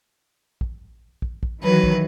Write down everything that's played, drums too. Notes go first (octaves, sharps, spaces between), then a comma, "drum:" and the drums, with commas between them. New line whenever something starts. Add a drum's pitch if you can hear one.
drum: kick
drum: kick
drum: kick
D#3 E3 F#3 B4
drum: kick